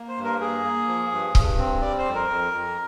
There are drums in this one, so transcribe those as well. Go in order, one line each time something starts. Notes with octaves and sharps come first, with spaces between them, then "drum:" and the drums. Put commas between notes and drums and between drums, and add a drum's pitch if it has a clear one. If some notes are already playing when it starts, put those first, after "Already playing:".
Already playing: A#3
C5
G2
A#4
A#3 G#4
A#3
F3
G2
G2, drum: kick C#1
C4
G3 D5
C5
F2
A#4
F2
F2